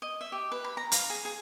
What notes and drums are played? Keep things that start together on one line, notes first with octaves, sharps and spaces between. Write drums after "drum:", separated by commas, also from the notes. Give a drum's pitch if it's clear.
D#5
E5
G4
B4
B5
A#5
F5, drum: hi-hat
G#4
G#4